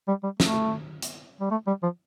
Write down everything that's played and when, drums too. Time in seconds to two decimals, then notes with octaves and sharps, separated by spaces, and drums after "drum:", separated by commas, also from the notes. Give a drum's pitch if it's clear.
0.08 G3
0.24 G3
0.40 A3, drum: snare
1.02 drum: hi-hat
1.41 G3
1.51 A3
1.67 G3
1.83 F3